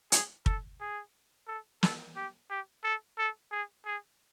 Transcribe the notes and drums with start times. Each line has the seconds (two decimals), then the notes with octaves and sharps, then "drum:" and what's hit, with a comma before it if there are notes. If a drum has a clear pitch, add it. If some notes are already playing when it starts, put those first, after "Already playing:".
0.12 G#4, drum: hi-hat
0.46 A4, drum: kick
0.81 G#4
1.48 A4
1.83 A4, drum: snare
2.16 G4
2.50 G4
2.84 A4
3.19 A4
3.52 G#4
3.86 G#4